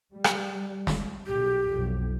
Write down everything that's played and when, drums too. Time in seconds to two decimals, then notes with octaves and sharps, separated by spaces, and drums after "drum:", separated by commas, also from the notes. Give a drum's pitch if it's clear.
0.13 G3
0.24 drum: rim click
0.87 drum: snare
1.26 B1 G4
1.68 B1 F2